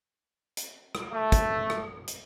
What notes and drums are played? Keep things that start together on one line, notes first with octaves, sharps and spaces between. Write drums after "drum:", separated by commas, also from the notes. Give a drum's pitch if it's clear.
drum: hi-hat
drum: rim click
A3
drum: kick, hi-hat
drum: rim click
drum: hi-hat